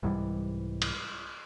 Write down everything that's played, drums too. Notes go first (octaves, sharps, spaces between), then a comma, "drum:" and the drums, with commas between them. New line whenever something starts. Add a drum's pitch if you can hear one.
C2 G#2 E3 G3
drum: cymbal